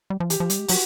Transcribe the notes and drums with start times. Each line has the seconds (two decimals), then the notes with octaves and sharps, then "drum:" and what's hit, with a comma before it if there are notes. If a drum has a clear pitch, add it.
0.10 G3
0.20 F3
0.30 E3 G4, drum: hi-hat
0.40 F3
0.50 G3, drum: hi-hat
0.59 G#3
0.68 F#3 F#4, drum: open hi-hat